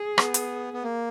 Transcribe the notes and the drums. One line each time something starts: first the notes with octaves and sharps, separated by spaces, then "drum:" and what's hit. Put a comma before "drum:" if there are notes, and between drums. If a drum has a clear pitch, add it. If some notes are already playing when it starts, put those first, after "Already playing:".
Already playing: G#4
B3, drum: rim click
drum: hi-hat
B3
A#3